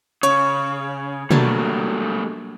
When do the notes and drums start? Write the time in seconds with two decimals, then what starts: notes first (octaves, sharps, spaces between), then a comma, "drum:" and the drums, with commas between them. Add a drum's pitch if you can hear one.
0.23 C#3 C#5 C#6, drum: hi-hat
1.31 F#3 G3 A3 A#3 D4, drum: tom